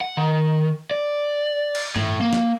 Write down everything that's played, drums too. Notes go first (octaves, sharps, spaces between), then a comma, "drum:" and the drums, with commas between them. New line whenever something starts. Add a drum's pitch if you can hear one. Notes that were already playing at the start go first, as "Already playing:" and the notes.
F#5
D#3
D5
drum: cymbal
A2, drum: tom G2
A#3
drum: snare